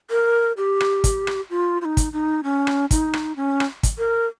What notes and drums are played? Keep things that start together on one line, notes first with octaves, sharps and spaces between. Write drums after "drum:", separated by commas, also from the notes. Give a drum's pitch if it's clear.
A#4
G4
drum: rim click
drum: kick, hi-hat
drum: rim click
F4
F4
D#4
drum: kick, hi-hat
D#4
C#4
drum: rim click
D#4, drum: kick, hi-hat
drum: rim click
C#4
drum: rim click
drum: kick, hi-hat
A#4